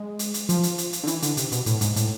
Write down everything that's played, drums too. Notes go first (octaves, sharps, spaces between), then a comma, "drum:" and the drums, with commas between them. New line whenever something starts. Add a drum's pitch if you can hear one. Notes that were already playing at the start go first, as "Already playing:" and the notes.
Already playing: G#3
drum: hi-hat
drum: hi-hat
F3, drum: hi-hat
drum: hi-hat
drum: hi-hat
drum: hi-hat
D3
E3, drum: hi-hat
D3, drum: hi-hat
C3, drum: hi-hat
B2, drum: hi-hat
A2, drum: hi-hat
G#2, drum: hi-hat
A2, drum: hi-hat